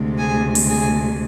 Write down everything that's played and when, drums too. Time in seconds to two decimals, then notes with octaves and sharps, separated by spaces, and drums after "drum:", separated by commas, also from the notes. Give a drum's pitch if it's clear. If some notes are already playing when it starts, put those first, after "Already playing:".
Already playing: D2 C3 G#3
0.18 G#4 G#5
0.55 drum: open hi-hat
0.69 G#4 G#5